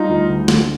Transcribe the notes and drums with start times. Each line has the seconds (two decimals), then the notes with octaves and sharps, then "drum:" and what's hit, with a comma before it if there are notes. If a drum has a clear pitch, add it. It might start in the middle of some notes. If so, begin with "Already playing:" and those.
Already playing: G3 D#4 F4
0.09 D2
0.30 D2
0.48 D3, drum: snare